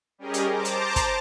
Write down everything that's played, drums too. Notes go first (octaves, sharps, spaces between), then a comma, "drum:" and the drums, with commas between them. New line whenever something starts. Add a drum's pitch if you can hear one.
G3 C#4 G4 G#4 A#4 D#5
drum: hi-hat
C5 A5 A#5 D6
drum: hi-hat
drum: kick, hi-hat